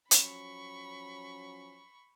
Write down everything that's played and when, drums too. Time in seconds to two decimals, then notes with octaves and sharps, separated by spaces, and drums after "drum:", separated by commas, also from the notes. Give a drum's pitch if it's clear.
0.11 F3 F#3 C#4 B5 C#6, drum: hi-hat